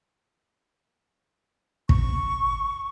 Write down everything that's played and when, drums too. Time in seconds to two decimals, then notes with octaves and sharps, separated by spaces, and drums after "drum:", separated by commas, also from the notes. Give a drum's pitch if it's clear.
1.89 C#6, drum: kick